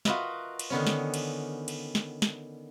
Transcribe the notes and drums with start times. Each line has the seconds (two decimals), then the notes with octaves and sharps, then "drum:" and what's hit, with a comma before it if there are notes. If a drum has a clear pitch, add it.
0.05 F4 F#4 A#4 B4 D#5 E5, drum: snare
0.59 drum: cymbal
0.70 D3 D#3 B3 C#4
0.87 drum: snare
1.14 drum: cymbal
1.68 drum: cymbal
1.95 drum: snare
2.22 drum: snare